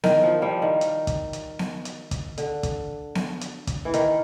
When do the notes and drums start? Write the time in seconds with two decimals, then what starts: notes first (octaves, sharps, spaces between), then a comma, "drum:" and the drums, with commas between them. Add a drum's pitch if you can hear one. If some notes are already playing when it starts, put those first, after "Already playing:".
0.04 D#3, drum: snare B3
0.23 F3
0.42 F3 G3
0.62 D#3
0.81 drum: hi-hat
1.07 drum: kick, hi-hat
1.33 drum: hi-hat
1.59 drum: snare B3
1.85 drum: hi-hat
2.11 drum: kick, hi-hat
2.38 D3, drum: hi-hat
2.63 drum: kick, hi-hat
3.15 drum: snare B3
3.41 drum: hi-hat
3.67 drum: kick, hi-hat
3.85 E3
3.94 D#3, drum: hi-hat